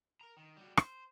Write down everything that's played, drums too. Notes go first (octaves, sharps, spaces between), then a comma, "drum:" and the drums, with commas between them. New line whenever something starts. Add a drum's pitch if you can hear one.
A#4 A#5
D#3
G3 F#4
C5, drum: rim click